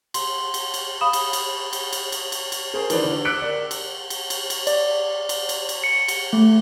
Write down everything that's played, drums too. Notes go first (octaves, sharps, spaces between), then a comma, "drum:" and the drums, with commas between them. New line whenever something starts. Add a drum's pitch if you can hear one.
C6, drum: cymbal
drum: cymbal
drum: cymbal
F5 B5 D#6 E7
drum: cymbal
drum: cymbal
drum: cymbal
drum: cymbal
drum: cymbal
drum: cymbal
drum: cymbal
G#4 A#4 C5
D#3 E3 D4 B4 C5 D5, drum: cymbal
D3
D6 E6 F#6 B6 C#7 D7
A#4 D5
drum: cymbal
drum: cymbal
drum: cymbal
drum: cymbal
D5, drum: cymbal
drum: cymbal
drum: cymbal
drum: cymbal
C#7
drum: cymbal
A3